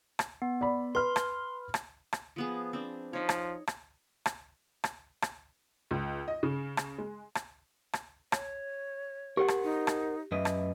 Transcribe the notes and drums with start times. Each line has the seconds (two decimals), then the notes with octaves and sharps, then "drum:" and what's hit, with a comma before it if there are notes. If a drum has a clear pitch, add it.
0.19 drum: rim click
0.42 B3
0.61 D5 B5
0.95 B4 B5 C6 F6
1.16 drum: rim click
1.74 drum: rim click
2.13 drum: rim click
2.36 F3 B3 G#4
2.73 C4 D4
3.13 F3 D#4 C#5
3.29 drum: rim click
3.67 drum: rim click
4.26 drum: rim click
4.84 drum: rim click
5.22 drum: rim click
5.91 C#2
6.28 D#5
6.43 C#3
6.77 drum: rim click
6.98 G#3
7.35 drum: rim click
7.93 drum: rim click
8.32 C#5, drum: rim click
9.37 G4 A#4 C5 F#5
9.48 drum: rim click
9.64 D#4
9.87 drum: rim click
10.32 F#2 B4 D#5 E5
10.45 drum: rim click